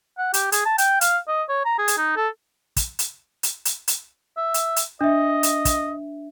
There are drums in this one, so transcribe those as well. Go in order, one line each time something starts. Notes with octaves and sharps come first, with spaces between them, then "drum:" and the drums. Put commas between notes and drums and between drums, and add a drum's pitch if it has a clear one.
F#5
G4, drum: hi-hat
G#4, drum: hi-hat
A5
G5, drum: hi-hat
F5, drum: hi-hat
D#5
C#5
A#5
G#4
drum: hi-hat
D#4
A4
drum: kick, hi-hat
drum: hi-hat
drum: hi-hat
drum: hi-hat
drum: hi-hat
E5
drum: hi-hat
drum: hi-hat
D4 D#5 E5
drum: hi-hat
drum: kick, hi-hat